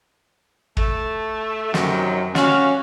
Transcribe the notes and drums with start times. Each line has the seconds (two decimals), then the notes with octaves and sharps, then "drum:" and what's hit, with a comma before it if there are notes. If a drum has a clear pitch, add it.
0.77 A3, drum: kick
1.74 F#2 C3 D#3 F#3, drum: snare
2.35 G3 C#4 F#4 F5, drum: snare